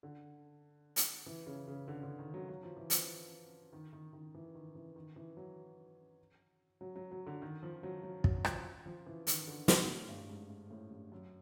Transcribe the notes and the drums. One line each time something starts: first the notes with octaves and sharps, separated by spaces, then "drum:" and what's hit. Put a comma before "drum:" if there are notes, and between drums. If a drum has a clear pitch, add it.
D3
drum: hi-hat
E3
C#3
C#3
D3
D3
D#3
F#3
F#3
F3
E3
F3, drum: hi-hat
D#3
D#3
D#3
E3
D#3
E3
D#3
E3
F#3
F#3
F#3
F#3
D3
D#3
F3
F#3
F#3
F#3, drum: kick
F3, drum: rim click
F3
E3
D#3, drum: hi-hat
D3
A#2, drum: snare
A2
G2
G#2
G#2
A2
G2
F#2